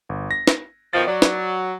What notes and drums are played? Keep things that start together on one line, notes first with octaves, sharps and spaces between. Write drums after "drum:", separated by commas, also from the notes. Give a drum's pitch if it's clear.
G1
A#6
drum: snare
B2 D#3 F3 A6
F#3 D5
drum: snare